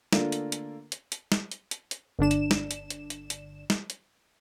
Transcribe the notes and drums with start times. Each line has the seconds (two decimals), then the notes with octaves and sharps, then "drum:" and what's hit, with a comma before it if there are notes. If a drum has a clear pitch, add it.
0.13 D3 A3 A#3 F4 A#4 D5, drum: snare
0.32 drum: hi-hat
0.52 drum: hi-hat
0.92 drum: hi-hat
1.12 drum: hi-hat
1.32 drum: snare
1.52 drum: hi-hat
1.71 drum: hi-hat
1.91 drum: hi-hat
2.19 G1 D3 D4 E7
2.31 drum: hi-hat
2.51 drum: snare
2.71 drum: hi-hat
2.90 drum: hi-hat
3.10 drum: hi-hat
3.30 drum: hi-hat
3.70 drum: snare
3.90 drum: hi-hat